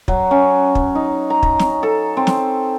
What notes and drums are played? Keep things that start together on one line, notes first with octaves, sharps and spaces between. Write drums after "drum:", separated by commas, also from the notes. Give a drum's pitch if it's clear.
F#3, drum: kick
C#4
drum: kick
D#4
A#5
drum: kick
drum: snare
A4
C4
drum: snare